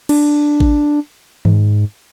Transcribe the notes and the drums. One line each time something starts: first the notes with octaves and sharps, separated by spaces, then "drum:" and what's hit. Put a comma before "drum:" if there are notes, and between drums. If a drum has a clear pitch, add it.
D4, drum: cymbal
drum: kick A1
G#2, drum: tom D#3